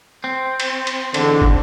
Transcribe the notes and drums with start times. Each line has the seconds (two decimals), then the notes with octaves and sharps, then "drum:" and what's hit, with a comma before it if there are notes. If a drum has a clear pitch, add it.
0.24 C4
0.60 drum: cymbal
0.87 drum: cymbal
1.14 E2 G#2 D3, drum: cymbal
1.42 drum: kick